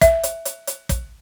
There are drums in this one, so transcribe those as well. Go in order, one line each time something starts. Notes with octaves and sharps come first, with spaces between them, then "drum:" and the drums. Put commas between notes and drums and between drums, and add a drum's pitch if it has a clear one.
E5, drum: kick, hi-hat
drum: hi-hat
drum: hi-hat
drum: hi-hat
drum: kick, hi-hat